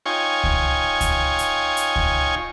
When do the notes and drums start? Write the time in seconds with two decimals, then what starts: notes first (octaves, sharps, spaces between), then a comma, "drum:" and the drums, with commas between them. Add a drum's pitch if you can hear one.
0.06 D#4 F4 C#5 G5 G#5 C#6
0.44 drum: kick C#2
1.01 drum: kick C#2, hi-hat
1.39 drum: hi-hat
1.77 drum: hi-hat
1.96 drum: kick C#2